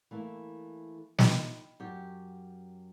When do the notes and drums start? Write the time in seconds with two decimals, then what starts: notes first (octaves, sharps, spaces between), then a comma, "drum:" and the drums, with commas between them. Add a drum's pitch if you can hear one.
0.11 E3 A3 A#3
1.19 D#4 D#5 G5 B5, drum: snare
1.80 F#2 G4